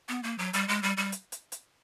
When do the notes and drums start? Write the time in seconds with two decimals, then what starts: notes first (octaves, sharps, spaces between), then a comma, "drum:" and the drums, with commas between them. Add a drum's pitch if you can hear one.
0.09 B3
0.23 A#3
0.38 F#3
0.53 G3, drum: hi-hat
0.68 G#3
0.83 G3
0.97 G3
1.12 drum: hi-hat
1.32 drum: hi-hat
1.52 drum: hi-hat